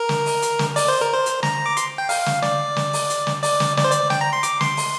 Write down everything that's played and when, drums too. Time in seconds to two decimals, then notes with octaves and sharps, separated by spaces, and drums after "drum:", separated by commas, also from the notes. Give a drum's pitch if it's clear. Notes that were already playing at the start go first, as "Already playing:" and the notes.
Already playing: A#4
0.09 drum: snare
0.26 drum: open hi-hat
0.42 drum: hi-hat
0.59 drum: snare
0.76 D5, drum: open hi-hat
0.88 C5
1.01 A#4
1.13 C5
1.26 drum: hi-hat
1.43 A#5, drum: snare
1.66 D6
1.77 C6, drum: hi-hat
1.98 G5
2.09 F5, drum: open hi-hat
2.26 drum: snare
2.42 D5, drum: snare
2.76 drum: snare
2.93 drum: open hi-hat
3.10 drum: hi-hat
3.27 drum: snare
3.43 D5, drum: open hi-hat
3.60 drum: snare
3.77 D5, drum: snare
3.84 C5
3.92 D5, drum: hi-hat
4.10 G5, drum: snare
4.21 A#5
4.33 C6
4.43 D6, drum: hi-hat
4.61 C6, drum: snare
4.77 drum: open hi-hat